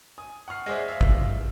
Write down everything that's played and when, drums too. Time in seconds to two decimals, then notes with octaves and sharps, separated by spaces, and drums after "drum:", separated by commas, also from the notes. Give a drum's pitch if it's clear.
0.18 G#5 D#6
0.48 F#5 C#6 F6 C7
0.66 G#3 G#4 C5 D5 E5
0.88 E5 F5
1.01 drum: kick